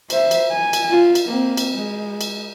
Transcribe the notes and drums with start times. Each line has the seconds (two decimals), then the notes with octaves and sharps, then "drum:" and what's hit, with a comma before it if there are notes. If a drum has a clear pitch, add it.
0.10 C5 E5, drum: cymbal
0.31 drum: cymbal
0.52 G#5
0.73 drum: cymbal
0.90 F4
1.15 drum: cymbal
1.29 A#3 C4
1.57 drum: cymbal
1.74 G#3
2.21 drum: cymbal